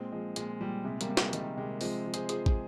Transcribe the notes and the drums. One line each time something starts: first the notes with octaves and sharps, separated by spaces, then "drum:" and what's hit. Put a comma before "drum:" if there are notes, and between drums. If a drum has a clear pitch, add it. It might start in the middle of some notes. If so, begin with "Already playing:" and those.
Already playing: A#2 G#3 C4
F3 G#3
A#2 G#3, drum: hi-hat
A#2 G3
C3 G#3
G3 A#3, drum: hi-hat
C3
G#3, drum: snare
D#3 G3, drum: hi-hat
C3 G#3
F3 G#3 C4, drum: open hi-hat
F3
G#4 C5, drum: hi-hat
F3 G#4 C5, drum: hi-hat
G#4, drum: kick